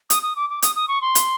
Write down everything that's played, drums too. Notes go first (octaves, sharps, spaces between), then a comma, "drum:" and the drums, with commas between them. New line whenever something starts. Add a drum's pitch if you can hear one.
D#6, drum: hi-hat
D#6
D6
D6
D#6, drum: hi-hat
D#6
C#6
C6
drum: hi-hat